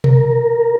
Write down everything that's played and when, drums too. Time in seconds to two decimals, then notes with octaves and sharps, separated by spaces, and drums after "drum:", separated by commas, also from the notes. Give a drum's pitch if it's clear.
0.04 A#4, drum: tom B2